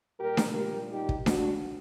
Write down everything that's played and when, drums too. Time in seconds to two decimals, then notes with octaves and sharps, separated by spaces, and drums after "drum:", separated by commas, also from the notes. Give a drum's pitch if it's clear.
0.19 A#2 G3 G4 A#4
0.37 drum: snare D4
0.55 G4 A#4
0.91 D#4 G4
1.09 drum: kick
1.26 D4 F#4, drum: snare D4